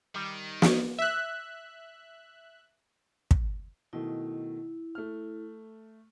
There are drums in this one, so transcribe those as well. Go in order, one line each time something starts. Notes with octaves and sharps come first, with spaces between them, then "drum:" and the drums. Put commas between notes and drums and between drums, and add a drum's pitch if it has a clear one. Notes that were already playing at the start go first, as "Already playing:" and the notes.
D#3 G3
drum: snare
E5 F#6
drum: kick
B2 D#3 A3 E4
A3 F6